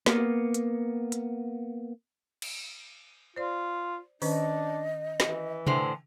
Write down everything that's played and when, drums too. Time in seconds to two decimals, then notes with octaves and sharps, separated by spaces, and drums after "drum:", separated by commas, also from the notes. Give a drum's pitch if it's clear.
0.06 A#3 B3, drum: snare
0.54 drum: hi-hat
1.12 drum: hi-hat
2.42 drum: cymbal
3.36 F4 C5 D5
4.22 D#3 C#4 D4 B4 D#5, drum: open hi-hat
5.20 E3, drum: snare
5.67 A2 D3 C5 G#5, drum: tom C3